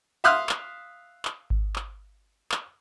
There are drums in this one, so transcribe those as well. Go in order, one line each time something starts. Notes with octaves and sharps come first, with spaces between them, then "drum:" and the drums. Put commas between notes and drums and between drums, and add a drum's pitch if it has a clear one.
E5 F5 C6 D#6 F6 F#6
drum: clap
drum: clap
drum: kick G#1
drum: clap
drum: clap